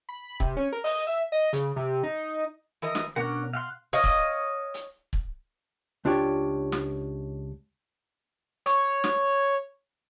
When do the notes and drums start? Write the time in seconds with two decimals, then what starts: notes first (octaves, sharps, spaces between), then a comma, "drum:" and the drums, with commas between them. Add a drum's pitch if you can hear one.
0.09 B5
0.40 C3, drum: kick
0.57 C#4
0.72 A#4
0.84 D#5, drum: open hi-hat
1.07 E5
1.32 D#5
1.53 C#3, drum: hi-hat
1.76 C3
2.03 D#4
2.82 E3 A#4 D#5
2.95 drum: snare
3.16 B2 C#4 D4 A#4 F#5
3.53 F5 F#5 C6
3.93 C#5 D#5 F5
4.04 drum: kick
4.74 drum: hi-hat
5.13 drum: kick
6.05 C#2 D4 F4 G4 C#5
6.72 drum: snare
8.66 C#5, drum: hi-hat
9.04 drum: snare